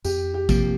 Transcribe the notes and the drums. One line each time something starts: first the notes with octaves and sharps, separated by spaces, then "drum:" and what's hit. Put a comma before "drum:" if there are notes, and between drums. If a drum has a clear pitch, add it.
F2 G4, drum: tambourine
G4
C3 F3 A#3, drum: kick A1, tambourine